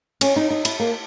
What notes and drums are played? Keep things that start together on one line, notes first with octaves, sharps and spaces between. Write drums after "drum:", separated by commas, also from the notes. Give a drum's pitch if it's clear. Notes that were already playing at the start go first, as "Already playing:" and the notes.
C#4, drum: cymbal
D#4
D#4
E4, drum: cymbal
A#3